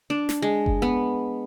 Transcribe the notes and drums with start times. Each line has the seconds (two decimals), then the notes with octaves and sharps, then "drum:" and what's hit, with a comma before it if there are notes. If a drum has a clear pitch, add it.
0.10 D4
0.29 drum: snare
0.42 G#3
0.66 drum: kick F#1
0.82 B3